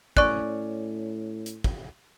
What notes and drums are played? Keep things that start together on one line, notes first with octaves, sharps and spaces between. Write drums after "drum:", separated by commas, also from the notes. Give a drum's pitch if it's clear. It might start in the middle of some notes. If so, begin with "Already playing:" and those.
A2 C#4 D5 C#6 F#6, drum: kick
drum: hi-hat
drum: kick